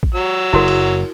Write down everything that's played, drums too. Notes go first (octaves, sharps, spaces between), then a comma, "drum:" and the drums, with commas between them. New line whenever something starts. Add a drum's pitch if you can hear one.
drum: kick A1
F#3 E6
F#1 E4 F#4 A#4
drum: cymbal